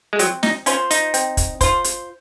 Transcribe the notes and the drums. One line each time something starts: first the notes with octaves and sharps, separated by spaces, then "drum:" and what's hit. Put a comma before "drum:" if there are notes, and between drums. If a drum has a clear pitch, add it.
G#3
F#3 C4, drum: hi-hat
D#4, drum: snare
C#4 F4 C5, drum: hi-hat
D#4, drum: hi-hat
C4, drum: hi-hat
drum: kick, hi-hat
F4 C5, drum: kick, hi-hat
drum: hi-hat